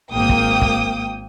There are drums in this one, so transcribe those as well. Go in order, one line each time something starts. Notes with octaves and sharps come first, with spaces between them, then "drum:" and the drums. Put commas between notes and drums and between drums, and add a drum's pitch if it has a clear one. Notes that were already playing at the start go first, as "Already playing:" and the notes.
G#1 A#3 G5 D#6
drum: kick
drum: kick